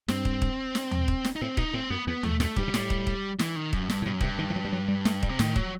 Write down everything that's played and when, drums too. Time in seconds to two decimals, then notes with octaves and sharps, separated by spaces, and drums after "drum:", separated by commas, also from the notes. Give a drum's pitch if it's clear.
0.08 G2 C4, drum: snare
0.25 drum: kick
0.42 drum: kick
0.75 drum: snare
0.91 drum: tom D#2
1.08 drum: kick
1.24 drum: snare
1.36 D#4
1.41 A2 C4
1.57 B2 D#4, drum: kick
1.74 A2 C4
1.90 F#2 B3
2.07 E2 B3
2.23 E2 A3, drum: tom D#2
2.40 F#2 A3, drum: snare
2.56 G2 G3, drum: kick
2.68 B2
2.74 A2, drum: snare
2.90 drum: kick
3.07 drum: kick
3.39 E3, drum: snare
3.56 D#3
3.73 F#2, drum: kick
3.90 G2, drum: snare
4.02 A2
4.05 G2 B2
4.14 F#2
4.21 G2 C3, drum: kick
4.39 D#3
4.50 E3
4.56 F#3
4.65 G3
4.73 F#3
4.88 G3
5.05 A3, drum: snare
5.23 G3, drum: kick
5.29 C3
5.39 A2 D#3, drum: snare
5.56 F#3, drum: kick